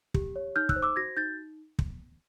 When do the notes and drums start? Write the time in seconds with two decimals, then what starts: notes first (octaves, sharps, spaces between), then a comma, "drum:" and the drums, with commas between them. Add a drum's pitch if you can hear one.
0.14 G4, drum: kick
0.36 C#5
0.56 D#4 F6 G6
0.69 E6 F#6, drum: kick
0.76 C5
0.82 D6 E6
0.96 F#4 G#6 A#6
1.16 D#4 G6 A6
1.79 drum: kick